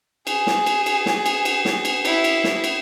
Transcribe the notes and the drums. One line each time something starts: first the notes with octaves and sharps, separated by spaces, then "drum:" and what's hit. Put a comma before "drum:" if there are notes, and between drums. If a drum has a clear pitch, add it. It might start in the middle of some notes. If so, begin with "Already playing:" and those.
G#4, drum: cymbal
drum: snare
drum: cymbal
drum: cymbal
drum: snare
drum: cymbal
drum: cymbal
drum: snare
drum: cymbal
E4, drum: cymbal
drum: cymbal
drum: snare
drum: cymbal